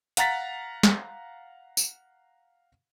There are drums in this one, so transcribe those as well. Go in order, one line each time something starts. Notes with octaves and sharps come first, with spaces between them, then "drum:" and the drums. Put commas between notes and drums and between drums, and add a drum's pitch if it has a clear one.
F5 F#5 A#5 A6 B6, drum: hi-hat
drum: snare
drum: tambourine